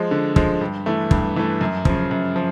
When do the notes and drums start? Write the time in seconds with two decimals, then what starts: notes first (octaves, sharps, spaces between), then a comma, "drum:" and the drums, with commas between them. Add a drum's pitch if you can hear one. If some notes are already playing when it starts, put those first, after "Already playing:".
Already playing: F3 G#3
0.11 D3
0.36 F3 G#3, drum: kick
0.61 G2
0.86 E3 A3
1.11 G2, drum: kick
1.36 E3 A3
1.61 F#2
1.85 C#3 F3, drum: kick
2.11 F#2
2.36 F3